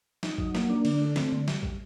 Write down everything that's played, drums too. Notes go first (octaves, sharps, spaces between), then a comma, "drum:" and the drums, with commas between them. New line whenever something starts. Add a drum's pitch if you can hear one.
D#4, drum: snare
F#3, drum: kick
A#3, drum: snare
D4
D3, drum: cymbal
A3
C4, drum: snare
D3
G3, drum: snare
drum: kick